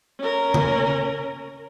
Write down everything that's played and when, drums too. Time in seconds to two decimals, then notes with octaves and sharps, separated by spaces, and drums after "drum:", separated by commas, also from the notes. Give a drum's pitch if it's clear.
0.20 C#4 A#4
0.54 drum: tom C#3